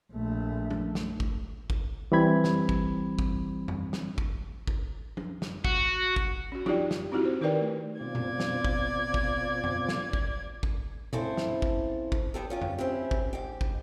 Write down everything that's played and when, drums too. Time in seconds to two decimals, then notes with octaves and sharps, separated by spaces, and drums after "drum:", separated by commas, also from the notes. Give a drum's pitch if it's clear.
0.13 A#1 A3
0.70 drum: tom F3
0.95 drum: snare
1.20 drum: kick
1.70 drum: kick
2.12 E3 G3 C4 B5 G#6
2.44 drum: snare
2.69 drum: kick
3.19 drum: kick
3.68 drum: tom E2
3.93 drum: snare
4.18 drum: kick
4.67 drum: kick
5.17 drum: tom F3
5.42 drum: snare
5.65 F#4, drum: kick
6.16 drum: kick
6.52 C#4 F#4
6.66 D#4 F4 G4 D5 G5, drum: tom F3
6.91 drum: snare
7.12 C4 D#4 E4 F#4 G4
7.25 C5
7.41 D#3 D#4 A#4 B4 D5 G5
7.61 A3
8.00 B2 C4 F4 D5 G#6
8.15 drum: tom A#2
8.40 drum: snare
8.65 drum: kick
9.14 drum: kick
9.64 drum: tom E2
9.89 drum: snare
10.13 drum: kick
10.63 drum: kick
11.13 C#3 C4 E4 A4 C5, drum: tom A#2
11.37 drum: snare
11.62 drum: kick
12.12 drum: kick
12.34 B3 G4 A4
12.50 C#4 F4 G4
12.62 drum: tom E2
12.78 C4 C#4 E4 G4
13.11 drum: kick
13.33 G#2 G4
13.61 drum: kick